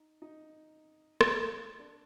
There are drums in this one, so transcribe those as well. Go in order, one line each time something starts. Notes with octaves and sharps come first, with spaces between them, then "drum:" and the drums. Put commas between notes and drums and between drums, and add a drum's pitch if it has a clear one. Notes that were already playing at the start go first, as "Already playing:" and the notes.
Already playing: D#4
D#4
drum: rim click
D4